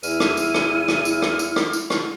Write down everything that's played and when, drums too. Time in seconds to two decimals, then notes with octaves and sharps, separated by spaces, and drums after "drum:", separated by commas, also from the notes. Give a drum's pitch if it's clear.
0.03 E2 E4 F6 D#7, drum: tambourine
0.20 drum: rim click
0.37 drum: tambourine
0.54 drum: rim click
0.88 drum: rim click
1.05 drum: tambourine
1.22 drum: rim click
1.39 drum: tambourine
1.56 drum: rim click
1.73 drum: tambourine
1.90 drum: rim click